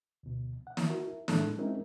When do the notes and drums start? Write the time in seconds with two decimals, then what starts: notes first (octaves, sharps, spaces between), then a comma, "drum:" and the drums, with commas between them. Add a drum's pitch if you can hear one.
0.23 D2 B2
0.67 F#5
0.77 drum: snare
0.89 E4 F#4 A#4
1.07 E4
1.28 A2 G#3 D4 A4 F#6, drum: snare
1.58 G#3 C4 C#4 D#4 E4 A#4